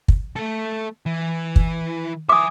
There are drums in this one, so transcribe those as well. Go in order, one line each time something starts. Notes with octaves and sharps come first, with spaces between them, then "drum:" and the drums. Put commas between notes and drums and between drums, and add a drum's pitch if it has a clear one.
drum: kick
A3 A4
E3
drum: kick
E5 G#5 D6 D#6